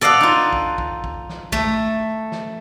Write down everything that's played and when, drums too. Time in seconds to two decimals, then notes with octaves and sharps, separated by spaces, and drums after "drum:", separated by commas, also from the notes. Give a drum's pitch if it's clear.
0.01 A4 D5 D#5 F5 F#5
0.21 D#4 F4
0.53 drum: kick
0.78 drum: kick
1.04 drum: kick
1.29 drum: snare
1.52 A3, drum: kick
2.32 drum: snare